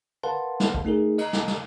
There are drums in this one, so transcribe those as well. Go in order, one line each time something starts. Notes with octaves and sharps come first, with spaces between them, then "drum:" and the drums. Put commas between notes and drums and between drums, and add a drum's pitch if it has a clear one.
A#4 B4 F5 F#5 A5 C6
drum: snare
drum: kick
A3 D#4 G#4 A#4
D#5 A#5, drum: cymbal
drum: snare
drum: snare